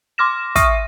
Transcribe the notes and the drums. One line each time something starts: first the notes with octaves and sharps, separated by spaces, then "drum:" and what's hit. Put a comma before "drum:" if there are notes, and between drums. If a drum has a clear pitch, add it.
C6 D6 F6 A#6 E7
E5 C#6 D#6 F6 A#6 D#7, drum: kick, hi-hat